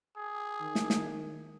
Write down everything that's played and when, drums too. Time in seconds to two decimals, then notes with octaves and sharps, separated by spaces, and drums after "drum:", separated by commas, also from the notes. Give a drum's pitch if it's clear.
0.17 G#4
0.61 D#3
0.75 drum: snare
0.90 drum: snare